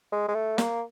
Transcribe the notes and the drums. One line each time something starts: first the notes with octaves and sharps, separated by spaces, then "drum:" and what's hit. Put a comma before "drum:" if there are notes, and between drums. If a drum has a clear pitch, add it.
G#3
G#3
A3
A#3, drum: snare